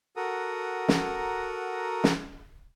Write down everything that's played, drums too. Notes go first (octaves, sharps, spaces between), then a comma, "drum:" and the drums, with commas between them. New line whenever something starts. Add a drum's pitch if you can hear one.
F#4 A4 A#4 F#5 A#5 D#6
drum: snare
drum: snare